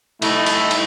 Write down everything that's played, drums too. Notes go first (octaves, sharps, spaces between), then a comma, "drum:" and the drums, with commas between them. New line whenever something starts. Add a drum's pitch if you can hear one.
C2 A3 D#4 E4, drum: cymbal
drum: cymbal
drum: cymbal